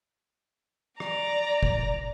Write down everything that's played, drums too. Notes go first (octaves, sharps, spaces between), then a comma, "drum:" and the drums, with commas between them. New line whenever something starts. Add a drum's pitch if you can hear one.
D5 A#5, drum: rim click
drum: kick F1